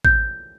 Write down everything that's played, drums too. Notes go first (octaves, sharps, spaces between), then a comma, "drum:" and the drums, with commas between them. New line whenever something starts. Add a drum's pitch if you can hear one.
G6, drum: kick